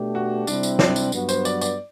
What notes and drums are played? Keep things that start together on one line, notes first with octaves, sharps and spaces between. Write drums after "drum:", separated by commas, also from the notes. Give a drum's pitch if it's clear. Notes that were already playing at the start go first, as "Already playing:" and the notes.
Already playing: B2 A3 D4 G4
F#4
C3 G3 C4 D4 E4, drum: tambourine
drum: tambourine
D4, drum: snare
drum: tambourine
G2 F#3 B3 F#4, drum: tambourine
C5, drum: tambourine
D5, drum: tambourine
D5, drum: tambourine